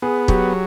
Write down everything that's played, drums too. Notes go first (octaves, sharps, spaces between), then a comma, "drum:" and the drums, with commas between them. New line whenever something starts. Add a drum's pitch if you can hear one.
B3 G#4
F#3 G4, drum: kick